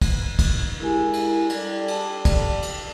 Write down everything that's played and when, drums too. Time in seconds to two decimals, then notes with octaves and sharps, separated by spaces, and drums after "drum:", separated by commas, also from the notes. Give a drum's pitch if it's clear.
0.02 drum: kick, cymbal
0.39 drum: kick, cymbal
0.80 G#3 E4 G4 A#4 G#5
1.13 drum: cymbal
1.49 G3 G4 A4 D5, drum: cymbal
1.88 A5, drum: cymbal
2.25 drum: kick, cymbal
2.62 drum: cymbal